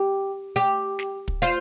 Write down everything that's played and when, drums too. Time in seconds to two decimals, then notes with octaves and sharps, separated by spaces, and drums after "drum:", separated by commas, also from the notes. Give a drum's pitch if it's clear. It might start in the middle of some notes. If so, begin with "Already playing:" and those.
Already playing: G4
0.56 G4
0.99 drum: snare
1.28 drum: kick
1.42 F4 C5